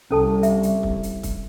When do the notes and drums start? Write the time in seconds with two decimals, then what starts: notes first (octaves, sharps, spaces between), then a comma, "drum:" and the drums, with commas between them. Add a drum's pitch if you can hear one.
0.11 C2 C#4 A4 A5
0.43 E5, drum: hi-hat
0.63 drum: hi-hat
0.83 drum: kick
1.03 drum: hi-hat
1.23 drum: kick, hi-hat